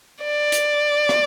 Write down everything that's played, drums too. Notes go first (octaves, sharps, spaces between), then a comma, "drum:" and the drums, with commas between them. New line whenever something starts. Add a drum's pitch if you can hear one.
D5
drum: hi-hat
drum: rim click